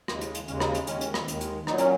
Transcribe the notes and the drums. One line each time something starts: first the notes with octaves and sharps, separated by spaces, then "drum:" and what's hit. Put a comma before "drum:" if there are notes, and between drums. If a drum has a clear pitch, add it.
D#2 C#3 G#3, drum: rim click
drum: hi-hat
drum: hi-hat
D#2 C#3 G#3 C#4, drum: hi-hat
D#4, drum: rim click
drum: hi-hat
D#2 D#3 G#3 C#4, drum: hi-hat
drum: hi-hat
drum: rim click
D#2 D#3 G#3, drum: hi-hat
drum: hi-hat
A#2 F#3 D#4, drum: rim click
C#4, drum: hi-hat